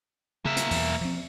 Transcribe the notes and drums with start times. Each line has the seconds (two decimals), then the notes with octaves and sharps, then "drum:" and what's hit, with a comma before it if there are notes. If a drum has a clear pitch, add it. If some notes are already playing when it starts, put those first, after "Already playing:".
0.45 C#3 A#3 E5
0.57 drum: hi-hat
0.71 E2 B2, drum: open hi-hat
1.01 F3 C4